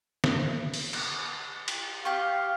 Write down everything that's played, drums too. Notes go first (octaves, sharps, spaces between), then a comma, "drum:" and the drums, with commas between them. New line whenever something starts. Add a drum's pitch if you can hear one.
drum: snare
drum: open hi-hat
drum: cymbal
drum: cymbal
G4 F5 G5 C#6